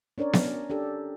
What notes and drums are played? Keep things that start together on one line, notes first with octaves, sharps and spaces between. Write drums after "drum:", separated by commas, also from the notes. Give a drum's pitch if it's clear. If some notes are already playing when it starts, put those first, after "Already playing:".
C#4 D4 A#4 C#5 D5
drum: snare B3
D4 G4 A4